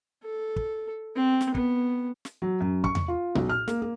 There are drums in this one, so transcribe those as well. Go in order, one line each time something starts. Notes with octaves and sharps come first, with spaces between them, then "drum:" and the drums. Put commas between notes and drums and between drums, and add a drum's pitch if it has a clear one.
A4
drum: kick
C4
drum: snare
B3, drum: kick
drum: snare
F#3
F#2
C#6, drum: kick
drum: tom E2
F4
B1, drum: tom A#2
F6
A#3, drum: snare
A#3